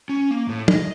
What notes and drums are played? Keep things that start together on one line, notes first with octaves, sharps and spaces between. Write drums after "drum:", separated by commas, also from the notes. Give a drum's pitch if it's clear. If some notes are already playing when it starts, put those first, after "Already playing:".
C#4
A#3
A2
D#5, drum: tom